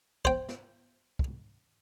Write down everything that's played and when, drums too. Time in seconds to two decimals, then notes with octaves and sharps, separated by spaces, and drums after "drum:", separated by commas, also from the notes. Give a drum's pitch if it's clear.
0.25 C5 G5, drum: kick
0.49 drum: snare
1.19 drum: kick